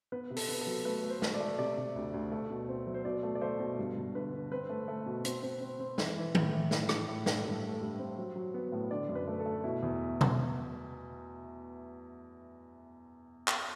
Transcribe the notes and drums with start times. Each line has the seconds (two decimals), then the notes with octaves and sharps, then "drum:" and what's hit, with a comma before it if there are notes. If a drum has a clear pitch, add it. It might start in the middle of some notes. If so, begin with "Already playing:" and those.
0.12 B3 B4
0.30 C3
0.36 A4, drum: open hi-hat
0.49 B3
0.61 A4
0.67 F#3
0.85 A3 B4
1.04 A3
1.10 C5
1.22 A3, drum: snare
1.34 D5
1.40 A3
1.58 C3 D5
1.77 C3
1.96 D2
2.14 D2
2.32 A3
2.50 B2
2.68 C4
2.87 F#3
2.94 C5
3.05 B2 D5
3.23 A3
3.35 D5
3.41 A3 C5
3.60 B2
3.79 G2
3.97 G2
4.15 D3 B4
4.33 D3
4.51 C4 B4
4.70 A3
4.88 A3
5.06 B2
5.25 C4, drum: hi-hat
5.43 C4
5.61 C4
5.80 C4
5.98 E3, drum: snare
6.16 E3
6.35 A2, drum: tom D#3
6.53 E3
6.71 A2, drum: snare
6.89 A2, drum: rim click
7.08 A2
7.26 A2, drum: snare
7.44 G2 A4
7.63 A3
7.81 G2
7.99 C4
8.18 F#3
8.36 F#3
8.54 B3
8.72 A2
8.91 D3 D5
9.09 F#2
9.15 B4
9.28 A3
9.40 A4
9.46 A3
9.64 B2 E4
9.83 E2
10.21 drum: tom B2
13.48 drum: clap